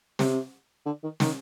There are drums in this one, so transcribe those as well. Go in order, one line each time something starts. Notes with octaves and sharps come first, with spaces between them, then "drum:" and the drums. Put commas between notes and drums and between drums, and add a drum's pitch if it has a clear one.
C3, drum: snare
D3
D#3
D#3, drum: snare